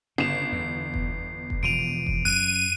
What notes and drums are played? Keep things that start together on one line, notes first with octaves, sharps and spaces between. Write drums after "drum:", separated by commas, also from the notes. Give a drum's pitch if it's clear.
G1 C#3 C7 E7
E2
drum: kick F1
drum: kick F1
E1 F3 D7 D#7 F7
drum: kick F1
F#2 F#6 D#7